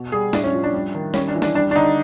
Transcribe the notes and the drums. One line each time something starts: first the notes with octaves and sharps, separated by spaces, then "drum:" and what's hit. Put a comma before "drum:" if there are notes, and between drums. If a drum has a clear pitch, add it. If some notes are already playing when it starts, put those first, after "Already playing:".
Already playing: B2
G3 G#4
A2 D4, drum: snare
C#4
F3
D4
G3
D#3
G3 C#4, drum: snare
D4
E3
D4, drum: snare
G3 D4
D4
D3 D#4